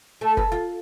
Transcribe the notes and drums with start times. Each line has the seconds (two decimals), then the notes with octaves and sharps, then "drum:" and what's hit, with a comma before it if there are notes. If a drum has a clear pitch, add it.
0.21 A3
0.37 B4, drum: kick F1
0.52 F4